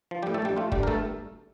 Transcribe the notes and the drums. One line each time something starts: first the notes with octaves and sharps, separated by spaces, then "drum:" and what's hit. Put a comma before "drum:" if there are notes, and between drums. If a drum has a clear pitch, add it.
F3
G3 G4
A2
A3 A4
A#1 G3 G4
A3 F4
D3 G3 G4, drum: kick
A#4
G2 A3 A4